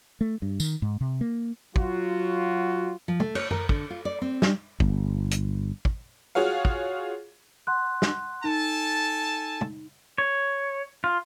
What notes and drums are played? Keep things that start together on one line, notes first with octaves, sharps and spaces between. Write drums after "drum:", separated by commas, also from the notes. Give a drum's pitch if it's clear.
A3
G2
D#3, drum: tambourine
G#2
C3
A#3
F#3 F4 F#4, drum: kick
F3
A3, drum: tom
C#5, drum: cymbal
A#4, drum: tom F#2
D3, drum: kick
F4
D5
C4
G3, drum: snare
G1, drum: kick
drum: hi-hat
drum: kick
F4 F#4 G#4 C#5 F5
drum: kick
F#5 C6 F#6
drum: snare
D#4 A4 G#5 A5
drum: tom
C#5
F4